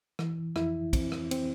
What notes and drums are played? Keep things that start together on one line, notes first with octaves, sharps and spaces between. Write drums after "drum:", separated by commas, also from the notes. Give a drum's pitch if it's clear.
E3, drum: rim click
F2 E4, drum: rim click
C4, drum: kick, cymbal
drum: rim click
C4, drum: cymbal